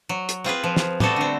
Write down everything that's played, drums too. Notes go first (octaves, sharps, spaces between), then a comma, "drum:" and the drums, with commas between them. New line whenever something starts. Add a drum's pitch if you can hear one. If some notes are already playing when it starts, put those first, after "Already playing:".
F#3
drum: hi-hat
C4 F4 G#4 B4
F3
drum: snare
G3 A3 B3 C4 F#4 A4, drum: tom
D3 C4